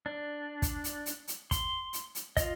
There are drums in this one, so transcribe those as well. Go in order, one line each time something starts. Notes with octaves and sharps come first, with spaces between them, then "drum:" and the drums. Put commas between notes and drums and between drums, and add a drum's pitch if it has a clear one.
D4
drum: kick, hi-hat
drum: hi-hat
drum: hi-hat
drum: hi-hat
C6, drum: kick, hi-hat
drum: hi-hat
drum: hi-hat
F4 D#5, drum: kick, hi-hat